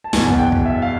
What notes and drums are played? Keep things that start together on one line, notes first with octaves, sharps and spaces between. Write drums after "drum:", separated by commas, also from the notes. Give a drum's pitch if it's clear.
A5
F#1 E2 B2 F#3 G#5, drum: snare
F#5, drum: kick
G5
drum: kick
E5
F5